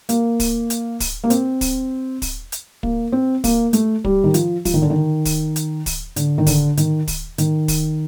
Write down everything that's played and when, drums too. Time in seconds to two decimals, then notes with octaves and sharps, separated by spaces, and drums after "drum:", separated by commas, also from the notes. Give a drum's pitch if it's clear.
0.09 A#3, drum: hi-hat
0.40 drum: kick, open hi-hat
0.70 drum: hi-hat
1.00 drum: kick, open hi-hat
1.24 A#3
1.30 C4, drum: hi-hat
1.61 drum: kick, open hi-hat
2.22 drum: kick, open hi-hat
2.52 drum: hi-hat
2.83 A#3, drum: kick
3.12 C4
3.44 A#3, drum: kick, open hi-hat
3.73 A3, drum: hi-hat
4.04 G3, drum: kick
4.24 D#3
4.34 F3, drum: hi-hat
4.65 F3, drum: kick, open hi-hat
4.74 D#3
4.82 D3
4.90 D#3
5.25 drum: kick, open hi-hat
5.56 drum: hi-hat
5.86 drum: kick, open hi-hat
6.16 D3, drum: hi-hat
6.38 D#3
6.46 D3, drum: kick, open hi-hat
6.77 D#3, drum: hi-hat
7.08 drum: kick, open hi-hat
7.38 D#3, drum: hi-hat
7.68 drum: kick, open hi-hat